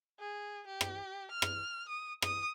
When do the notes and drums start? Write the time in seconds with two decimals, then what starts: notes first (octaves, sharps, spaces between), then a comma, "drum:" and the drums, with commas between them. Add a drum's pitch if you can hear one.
0.19 G#4
0.66 G4
0.81 drum: rim click
1.31 F6
1.42 drum: rim click
1.88 D#6
2.22 D#6, drum: rim click